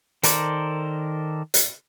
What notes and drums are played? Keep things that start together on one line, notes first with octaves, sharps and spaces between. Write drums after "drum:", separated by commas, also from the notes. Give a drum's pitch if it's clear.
D#3 A4 A#4 C5 D5, drum: hi-hat
drum: hi-hat